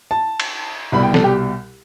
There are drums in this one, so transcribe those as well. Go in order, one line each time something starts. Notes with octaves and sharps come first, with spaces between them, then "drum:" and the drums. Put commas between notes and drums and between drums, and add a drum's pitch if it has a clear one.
A5
drum: cymbal
C2 B2 G3 B5
G5
A4, drum: snare
G4